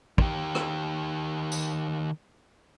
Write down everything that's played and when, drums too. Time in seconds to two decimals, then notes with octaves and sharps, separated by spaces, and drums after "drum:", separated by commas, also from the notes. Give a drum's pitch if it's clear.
0.18 D#3 G4, drum: kick
0.55 drum: rim click
1.52 drum: tambourine